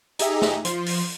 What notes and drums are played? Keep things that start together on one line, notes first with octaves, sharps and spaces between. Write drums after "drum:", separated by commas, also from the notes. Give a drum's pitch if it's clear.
D#4 G4 G#4 E5 A#5, drum: hi-hat
drum: snare
F3 C6, drum: hi-hat
drum: open hi-hat